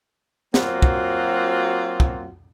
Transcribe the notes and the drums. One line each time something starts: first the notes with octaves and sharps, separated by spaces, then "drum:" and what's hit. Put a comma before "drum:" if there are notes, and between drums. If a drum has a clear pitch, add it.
F#3 A#3 C4 F4 F#4, drum: snare
drum: kick
drum: kick